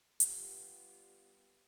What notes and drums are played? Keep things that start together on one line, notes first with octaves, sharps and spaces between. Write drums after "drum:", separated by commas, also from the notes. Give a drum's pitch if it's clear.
G3 B3 F4 G4, drum: hi-hat